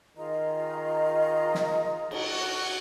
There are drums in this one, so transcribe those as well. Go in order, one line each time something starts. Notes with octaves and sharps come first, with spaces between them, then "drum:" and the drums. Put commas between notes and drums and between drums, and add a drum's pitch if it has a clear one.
D#3 F4 G#4 D#5 A#5
drum: snare
F#4, drum: cymbal